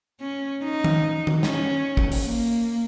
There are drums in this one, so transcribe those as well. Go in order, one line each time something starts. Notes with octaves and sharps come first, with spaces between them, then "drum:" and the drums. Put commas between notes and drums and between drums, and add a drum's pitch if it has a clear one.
C#4
D#4
drum: tom D#3
drum: tom D#3
C#4, drum: snare
drum: kick
drum: open hi-hat
A#3